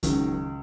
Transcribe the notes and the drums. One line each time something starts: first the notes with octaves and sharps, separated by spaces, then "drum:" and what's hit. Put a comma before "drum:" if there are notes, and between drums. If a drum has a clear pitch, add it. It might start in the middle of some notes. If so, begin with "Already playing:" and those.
C#2 D#3 F#3, drum: kick, hi-hat